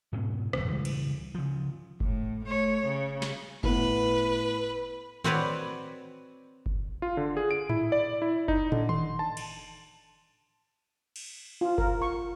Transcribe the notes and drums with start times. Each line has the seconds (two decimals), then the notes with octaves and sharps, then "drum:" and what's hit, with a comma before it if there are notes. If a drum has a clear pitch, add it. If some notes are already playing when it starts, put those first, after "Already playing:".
0.13 G#2 B2 C#4
0.53 E1 A#1 F2 A#2, drum: rim click
0.66 C#2 E3 G3 G#3
0.85 drum: cymbal
1.35 C#3 F3
2.00 A2, drum: kick F#1
2.45 A3 C#5
2.86 C#3
3.22 drum: snare
3.63 A2 B3 B4, drum: kick F#1
5.24 C4 F#4 B4 C#5 D5, drum: tom D#3
6.66 drum: kick F#1
7.02 F4
7.17 D3
7.37 G#4
7.51 D7
7.69 E4, drum: tom G#2
7.92 D5
8.22 E4
8.48 D#4, drum: kick F#1
8.72 D3, drum: tom
8.89 C6, drum: tom D#3
9.19 A5
9.37 drum: cymbal
11.16 drum: cymbal
11.61 F4
11.78 A#4, drum: kick F#1
12.02 C#6